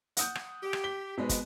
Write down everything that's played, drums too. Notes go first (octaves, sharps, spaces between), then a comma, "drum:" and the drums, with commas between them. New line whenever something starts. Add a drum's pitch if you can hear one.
F#5 D#6 G6, drum: hi-hat
drum: rim click
G4
drum: rim click
B6 G7
B2 G#3 B3 C4 D#4
drum: kick, hi-hat